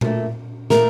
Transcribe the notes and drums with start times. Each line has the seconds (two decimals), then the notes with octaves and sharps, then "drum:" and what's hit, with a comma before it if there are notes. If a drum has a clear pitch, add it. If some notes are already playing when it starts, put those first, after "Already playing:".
0.01 A#2 A3, drum: tom A#2
0.70 A#2 A3 A#4, drum: snare